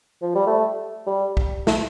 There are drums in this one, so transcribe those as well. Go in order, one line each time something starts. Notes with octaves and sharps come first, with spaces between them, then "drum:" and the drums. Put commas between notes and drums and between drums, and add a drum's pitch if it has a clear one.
F3
G3
A3
G3
drum: kick
A3, drum: snare